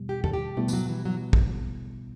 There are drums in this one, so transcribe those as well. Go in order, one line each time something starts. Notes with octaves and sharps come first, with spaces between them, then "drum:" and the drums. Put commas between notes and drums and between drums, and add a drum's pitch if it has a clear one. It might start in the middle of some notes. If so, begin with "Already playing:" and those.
Already playing: E2 B2 G3
G4
A4, drum: tom
G4
B2 G3 A3 B3 E4
E3, drum: tambourine
F#3
E3
F#3
drum: kick